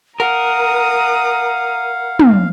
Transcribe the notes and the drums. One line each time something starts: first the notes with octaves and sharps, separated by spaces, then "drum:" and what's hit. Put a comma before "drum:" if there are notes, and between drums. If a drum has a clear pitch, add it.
A#4 F5 F#5 A#5 D#6
drum: tom